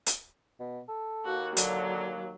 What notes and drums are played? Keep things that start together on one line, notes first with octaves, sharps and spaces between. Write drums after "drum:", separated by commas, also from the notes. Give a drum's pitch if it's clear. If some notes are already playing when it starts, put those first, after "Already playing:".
drum: hi-hat
B2
A4
D#2 A#3 F#4
D3 F#3, drum: hi-hat